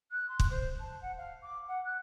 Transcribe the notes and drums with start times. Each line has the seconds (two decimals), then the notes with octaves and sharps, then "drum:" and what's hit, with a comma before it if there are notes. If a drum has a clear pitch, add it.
0.11 F#6
0.29 C6
0.40 drum: kick
0.51 C5
0.80 A5
1.02 F#5
1.17 F5
1.42 D6
1.68 F#5
1.85 F#6